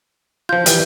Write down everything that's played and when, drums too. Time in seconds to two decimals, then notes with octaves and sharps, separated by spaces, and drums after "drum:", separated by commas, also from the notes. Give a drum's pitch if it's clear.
0.49 F3 F4 G6
0.66 E3 G3, drum: hi-hat